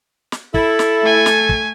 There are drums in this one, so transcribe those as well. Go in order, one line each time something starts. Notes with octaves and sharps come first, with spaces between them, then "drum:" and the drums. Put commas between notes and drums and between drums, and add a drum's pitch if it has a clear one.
drum: snare
E4 A4, drum: kick
drum: snare
A3 G#5
drum: snare
drum: kick